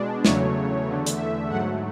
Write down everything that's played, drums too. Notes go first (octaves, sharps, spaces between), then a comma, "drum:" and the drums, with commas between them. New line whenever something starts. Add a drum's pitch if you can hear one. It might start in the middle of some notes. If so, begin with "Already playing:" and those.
Already playing: B2 G#3 D4
E2 C#3 F#3 A3 C#5, drum: snare
E2 D3 A3
drum: hi-hat
E5
G#2 F#3 A3 F#5